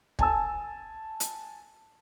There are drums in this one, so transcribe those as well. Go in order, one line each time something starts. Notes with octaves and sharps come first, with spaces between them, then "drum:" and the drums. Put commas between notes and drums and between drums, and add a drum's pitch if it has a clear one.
G#5 A5 E6, drum: kick
drum: hi-hat